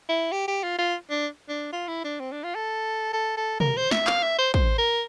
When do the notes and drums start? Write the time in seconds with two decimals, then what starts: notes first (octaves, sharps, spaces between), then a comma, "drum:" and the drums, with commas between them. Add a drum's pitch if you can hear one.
0.09 E4
0.32 G4
0.48 G4
0.64 F4
0.78 F4
1.10 D4
1.49 D4
1.72 F4
1.88 E4
2.04 D4
2.20 C4
2.32 D4
2.44 F4
2.55 A4
3.13 A4
3.37 A4
3.60 A#4, drum: tom
3.77 C5
3.91 E5, drum: snare
4.07 F5, drum: clap
4.23 E5
4.38 C5
4.54 C5, drum: kick
4.78 A#4